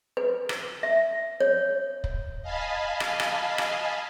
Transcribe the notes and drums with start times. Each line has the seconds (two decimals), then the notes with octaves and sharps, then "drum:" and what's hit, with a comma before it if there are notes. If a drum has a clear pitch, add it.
0.17 B4
0.49 drum: rim click
0.83 E5
1.40 C#5
2.04 drum: kick
2.42 D#5 F5 G#5 A5 B5
3.00 drum: rim click
3.20 drum: rim click
3.58 drum: rim click